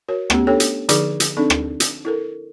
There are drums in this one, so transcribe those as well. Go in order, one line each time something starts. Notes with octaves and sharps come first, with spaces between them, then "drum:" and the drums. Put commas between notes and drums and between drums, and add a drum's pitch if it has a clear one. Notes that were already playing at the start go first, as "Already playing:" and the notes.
F#4 A#4 C#5
A3 B3 C#4 G4, drum: rim click
D4 G4 A4 C#5 G5
drum: hi-hat
D3 F3 D#4 G#4 D5 D6, drum: hi-hat
drum: hi-hat
C4 D4 D#4 A4 D5
drum: rim click
drum: hi-hat
E4 A4 A#4